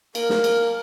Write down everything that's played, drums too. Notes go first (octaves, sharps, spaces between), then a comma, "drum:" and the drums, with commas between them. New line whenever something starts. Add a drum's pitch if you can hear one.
A#3 A#4, drum: cymbal
drum: snare
drum: cymbal